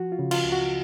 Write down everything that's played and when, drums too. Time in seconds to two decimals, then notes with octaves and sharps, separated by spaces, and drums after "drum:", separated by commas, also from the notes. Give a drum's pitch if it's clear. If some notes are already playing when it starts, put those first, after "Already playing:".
Already playing: F3 F#4
0.12 F4
0.19 C#3
0.31 F4, drum: cymbal
0.44 C#2
0.52 F#4